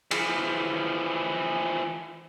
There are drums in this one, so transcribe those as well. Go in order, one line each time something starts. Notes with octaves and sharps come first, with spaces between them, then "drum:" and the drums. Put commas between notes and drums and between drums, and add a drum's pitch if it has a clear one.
E3 F3, drum: cymbal